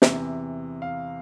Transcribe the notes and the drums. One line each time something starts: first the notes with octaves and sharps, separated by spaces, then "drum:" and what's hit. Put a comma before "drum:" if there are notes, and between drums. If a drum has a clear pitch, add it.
E2 C3 E3, drum: snare
F5